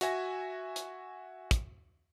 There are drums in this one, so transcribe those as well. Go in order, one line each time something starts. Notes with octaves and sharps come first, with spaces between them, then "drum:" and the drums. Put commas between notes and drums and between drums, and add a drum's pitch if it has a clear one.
F#4 E5 G#5 A#6, drum: hi-hat
drum: hi-hat
drum: kick, hi-hat